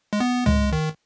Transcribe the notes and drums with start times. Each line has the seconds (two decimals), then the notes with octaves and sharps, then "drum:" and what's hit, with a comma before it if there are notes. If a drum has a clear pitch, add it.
0.13 G#3
0.20 B3
0.46 G#3, drum: tom C#2
0.72 D#3